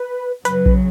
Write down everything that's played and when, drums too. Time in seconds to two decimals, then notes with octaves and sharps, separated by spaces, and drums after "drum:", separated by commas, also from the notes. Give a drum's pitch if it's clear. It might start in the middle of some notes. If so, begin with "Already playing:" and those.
Already playing: B4
0.45 F#2 C#3 F#3 B4, drum: hi-hat
0.66 drum: kick A#1